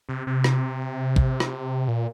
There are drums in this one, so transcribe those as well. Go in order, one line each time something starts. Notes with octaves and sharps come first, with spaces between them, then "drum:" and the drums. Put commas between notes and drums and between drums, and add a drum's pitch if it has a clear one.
C3
C3
drum: rim click
drum: kick
drum: rim click
A#2